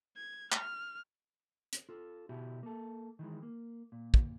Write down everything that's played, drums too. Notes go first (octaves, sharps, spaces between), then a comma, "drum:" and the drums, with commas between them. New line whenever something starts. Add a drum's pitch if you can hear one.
G#6
F6, drum: clap
drum: hi-hat
F4 A4
B2 E4 F#4 G4
A#3 A4
D#3 E3 G#3
A#3
A#2
drum: kick